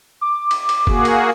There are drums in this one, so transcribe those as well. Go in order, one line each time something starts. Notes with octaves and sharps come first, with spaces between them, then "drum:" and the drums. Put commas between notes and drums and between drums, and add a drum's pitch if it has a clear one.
D6
drum: cymbal
drum: cymbal
A#3 F#4 G#4, drum: kick
drum: cymbal